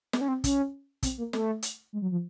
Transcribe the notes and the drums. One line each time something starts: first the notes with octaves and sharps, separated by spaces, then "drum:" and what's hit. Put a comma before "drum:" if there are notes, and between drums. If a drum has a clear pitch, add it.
B3, drum: snare
C#4
C4
C#4, drum: kick, hi-hat
C4, drum: kick, hi-hat
A#3
A3, drum: snare
drum: hi-hat
G#3
F#3
F3